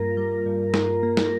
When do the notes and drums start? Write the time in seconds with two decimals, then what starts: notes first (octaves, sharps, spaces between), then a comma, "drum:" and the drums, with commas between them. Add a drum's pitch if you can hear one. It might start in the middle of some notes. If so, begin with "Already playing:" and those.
Already playing: G2 G3 A#3 F4 A#4
0.17 G3
0.46 G2
0.74 F4, drum: snare
1.03 A#3
1.17 drum: snare